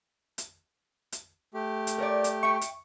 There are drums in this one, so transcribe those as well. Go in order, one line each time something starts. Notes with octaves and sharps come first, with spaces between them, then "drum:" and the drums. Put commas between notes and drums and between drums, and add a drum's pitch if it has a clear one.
drum: hi-hat
drum: hi-hat
A3 G4
drum: hi-hat
A#4 C#5 D5
drum: hi-hat
E5 G5 C#6
drum: hi-hat